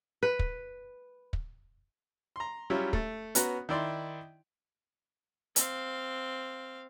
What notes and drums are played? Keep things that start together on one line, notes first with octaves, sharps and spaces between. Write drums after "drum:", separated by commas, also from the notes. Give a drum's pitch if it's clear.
B4
drum: kick
drum: kick
A#5 C6
F#3 G3 C#4 E4 F4 E5
A3, drum: kick
B3 C#4 F#4 A#5, drum: hi-hat
D#3 E4 D5 C6
C4 F5, drum: hi-hat